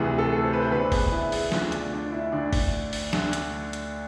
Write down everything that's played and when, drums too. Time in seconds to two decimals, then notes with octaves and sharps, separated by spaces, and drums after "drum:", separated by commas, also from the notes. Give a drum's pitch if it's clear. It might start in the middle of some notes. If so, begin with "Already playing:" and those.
Already playing: D2 C3 E3 G#4
0.18 A4
0.45 C5
0.53 B4
0.62 C5
0.72 E2 D3 B4
0.92 G#4, drum: kick, open hi-hat
1.12 E4
1.32 G#4, drum: open hi-hat
1.52 D2 D3 F4, drum: snare
1.72 D4, drum: hi-hat
1.93 D4
2.12 E4
2.32 D2 D3 D4
2.53 drum: kick, open hi-hat
2.93 drum: open hi-hat
3.13 D2 D3, drum: snare
3.33 drum: hi-hat
3.73 drum: hi-hat